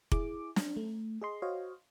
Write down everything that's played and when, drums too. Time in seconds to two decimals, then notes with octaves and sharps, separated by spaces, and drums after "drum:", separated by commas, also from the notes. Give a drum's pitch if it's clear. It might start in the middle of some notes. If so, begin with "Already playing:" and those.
0.12 E4 G#4 D6, drum: kick F1
0.56 D4, drum: snare
0.77 A3
1.22 G#4 D#5 C6
1.42 F#4 C5 C#5 D#5 F5